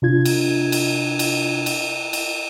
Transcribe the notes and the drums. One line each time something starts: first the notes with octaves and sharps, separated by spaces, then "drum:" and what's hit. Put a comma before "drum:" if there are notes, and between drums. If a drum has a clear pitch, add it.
C3 D4 F4 G#6
drum: cymbal
drum: cymbal
drum: cymbal
drum: cymbal
drum: cymbal